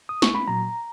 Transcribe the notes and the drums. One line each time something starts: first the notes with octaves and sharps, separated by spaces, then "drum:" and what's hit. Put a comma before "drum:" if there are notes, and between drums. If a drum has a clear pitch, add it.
D#6
C#6, drum: snare
B5
A#2 F#3 A#5